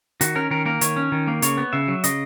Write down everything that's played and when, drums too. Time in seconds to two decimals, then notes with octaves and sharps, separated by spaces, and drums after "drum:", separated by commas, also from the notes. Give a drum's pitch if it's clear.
0.21 D#3 F#4, drum: hi-hat
0.35 C#4 A#4
0.51 D#3 A#4
0.66 A#3 A#4
0.81 D#3 C#5, drum: hi-hat
0.96 C#4
1.12 D#3
1.27 A#3
1.42 C#3 C#5, drum: hi-hat
1.57 B3
1.73 C#3 E5
1.88 F#3
2.04 C#3 D#5, drum: hi-hat